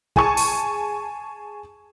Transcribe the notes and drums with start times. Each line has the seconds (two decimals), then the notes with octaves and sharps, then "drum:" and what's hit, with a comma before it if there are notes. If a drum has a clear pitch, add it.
0.16 G#4 G#5 A5 C#6, drum: kick
0.37 drum: open hi-hat